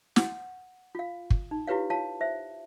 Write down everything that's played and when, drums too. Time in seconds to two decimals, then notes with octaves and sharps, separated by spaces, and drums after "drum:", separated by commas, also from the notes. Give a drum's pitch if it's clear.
0.16 F#5, drum: snare
0.95 F4 F5
1.30 drum: kick
1.51 D#4
1.67 E4 F4 G4 B4 C#5 F5
1.90 F4 C#5 F5 A5
2.21 C5 E5